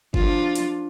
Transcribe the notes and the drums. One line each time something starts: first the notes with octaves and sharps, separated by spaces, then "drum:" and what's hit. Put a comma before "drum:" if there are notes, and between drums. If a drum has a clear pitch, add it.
F3 D4 F4, drum: kick G1
drum: hi-hat